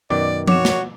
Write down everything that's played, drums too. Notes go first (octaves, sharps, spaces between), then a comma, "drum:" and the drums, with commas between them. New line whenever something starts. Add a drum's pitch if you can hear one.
F#2 B2 D#3 D5 D6
F#4 C#5 D6 E7, drum: tom F3
drum: snare